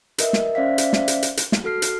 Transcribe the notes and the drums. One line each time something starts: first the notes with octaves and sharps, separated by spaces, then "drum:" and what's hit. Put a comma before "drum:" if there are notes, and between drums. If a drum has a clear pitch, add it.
A#4 B4 D#5 E5, drum: hi-hat
drum: snare
C#4 C5 D5 E5 F5 B6
drum: hi-hat
drum: snare
drum: hi-hat
drum: hi-hat
drum: hi-hat
drum: snare
F#4 A4 F6 C7
drum: hi-hat